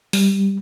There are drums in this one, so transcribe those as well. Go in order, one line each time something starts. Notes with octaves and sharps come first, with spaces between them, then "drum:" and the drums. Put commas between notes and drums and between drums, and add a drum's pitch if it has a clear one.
G3, drum: open hi-hat